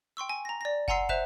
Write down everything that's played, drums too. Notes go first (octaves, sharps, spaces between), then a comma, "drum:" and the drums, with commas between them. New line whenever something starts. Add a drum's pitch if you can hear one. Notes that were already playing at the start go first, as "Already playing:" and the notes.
G5 C6 C#6 E6
G#5
A#5 A#6
D5 A#6
F#5 G#5 A#5 C6 E6 C7, drum: kick
C5 E5 F#6 E7 F7, drum: kick